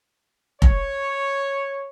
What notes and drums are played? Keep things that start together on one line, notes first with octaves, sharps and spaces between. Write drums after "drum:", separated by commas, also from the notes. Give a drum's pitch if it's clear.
C#5, drum: kick F1